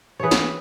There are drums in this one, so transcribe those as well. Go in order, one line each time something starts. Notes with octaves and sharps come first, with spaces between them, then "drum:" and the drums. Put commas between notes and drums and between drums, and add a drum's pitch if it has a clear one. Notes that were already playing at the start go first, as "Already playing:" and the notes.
E3 G#4 B4 C#5
drum: snare